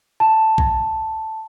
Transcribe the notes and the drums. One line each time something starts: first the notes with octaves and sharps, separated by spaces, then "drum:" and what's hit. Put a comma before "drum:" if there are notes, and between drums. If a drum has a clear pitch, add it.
A5
drum: kick B1